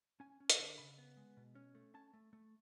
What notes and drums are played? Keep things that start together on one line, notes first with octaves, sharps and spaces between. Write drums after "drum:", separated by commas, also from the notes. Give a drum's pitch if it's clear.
C#4 G#5
C#4
A5, drum: hi-hat
D3
C#3 B5
B3
G#3
B2
C#4
A3
C#4 A5
A3
A3